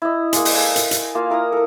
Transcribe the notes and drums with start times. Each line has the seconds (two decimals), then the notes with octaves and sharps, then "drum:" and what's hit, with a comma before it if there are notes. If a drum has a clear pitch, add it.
0.02 E4 D#5
0.33 G#3 A#3, drum: hi-hat
0.45 drum: open hi-hat
0.56 A4 G#5
0.76 drum: hi-hat
0.91 drum: hi-hat
1.15 A#3 F4 F5
1.30 E4 A#4 A#5 D#6
1.52 A4 A#4